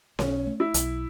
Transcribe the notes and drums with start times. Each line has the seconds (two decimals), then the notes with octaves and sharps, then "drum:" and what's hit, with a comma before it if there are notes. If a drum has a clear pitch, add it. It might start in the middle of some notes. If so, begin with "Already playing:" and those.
0.19 B1 C#4, drum: snare C#4
0.47 A3
0.60 E4
0.74 B1, drum: hi-hat